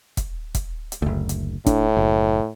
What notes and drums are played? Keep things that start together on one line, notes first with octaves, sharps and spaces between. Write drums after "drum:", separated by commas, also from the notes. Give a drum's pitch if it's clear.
drum: kick E1, hi-hat
drum: kick E1, hi-hat
drum: hi-hat
F#1 D2
drum: hi-hat
A2 D4, drum: kick E1, hi-hat
F#1